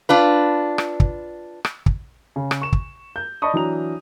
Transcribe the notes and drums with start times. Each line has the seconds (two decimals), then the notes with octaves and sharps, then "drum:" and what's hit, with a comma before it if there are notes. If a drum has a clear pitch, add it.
0.09 D4 F4 B4
0.78 drum: rim click
1.00 drum: kick
1.65 drum: rim click
1.86 drum: kick
2.36 C#3
2.51 drum: rim click
2.61 C#6 E7
2.72 drum: kick
3.16 G6
3.42 D5 D#5 A5 B5 C#6 D#6
3.54 E3 F#3 D4 A#5 F7